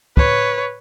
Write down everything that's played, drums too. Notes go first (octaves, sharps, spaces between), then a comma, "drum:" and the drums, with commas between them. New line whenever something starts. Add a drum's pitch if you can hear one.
B4 C#5, drum: kick